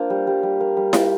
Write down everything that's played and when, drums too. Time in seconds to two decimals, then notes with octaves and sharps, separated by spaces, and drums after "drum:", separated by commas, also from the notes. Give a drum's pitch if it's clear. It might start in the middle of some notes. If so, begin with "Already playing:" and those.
Already playing: A#3 D4 F4 C5
0.10 G3
0.27 G3
0.43 G3
0.61 A#3
0.77 G3
0.93 F4, drum: snare E4